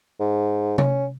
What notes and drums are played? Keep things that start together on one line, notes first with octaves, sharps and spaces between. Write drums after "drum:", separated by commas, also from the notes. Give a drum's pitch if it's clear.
G#2
C#4, drum: tom C3